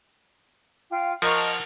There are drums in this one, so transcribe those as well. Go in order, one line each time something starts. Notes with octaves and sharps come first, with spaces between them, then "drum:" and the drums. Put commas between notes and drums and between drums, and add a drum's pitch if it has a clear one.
F4 F5 G5
F3 A#4 D#5 F#5 A5 A#5 C#6 F6, drum: cymbal